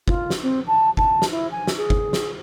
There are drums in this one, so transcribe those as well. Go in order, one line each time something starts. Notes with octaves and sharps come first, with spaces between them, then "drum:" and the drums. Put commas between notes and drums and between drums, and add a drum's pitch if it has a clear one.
F4, drum: kick G1
drum: snare
C4
A5
A5, drum: kick G1
drum: snare
E4
G#5
drum: snare
G#4
drum: kick G1
drum: snare